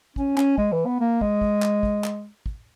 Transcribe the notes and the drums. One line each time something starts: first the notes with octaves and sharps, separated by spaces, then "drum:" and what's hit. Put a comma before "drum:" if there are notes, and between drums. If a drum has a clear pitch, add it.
C#4, drum: kick
C#4, drum: clap
G#3, drum: kick
E3
B3
A#3
G#3, drum: kick
drum: kick
drum: clap
drum: kick
drum: clap
drum: kick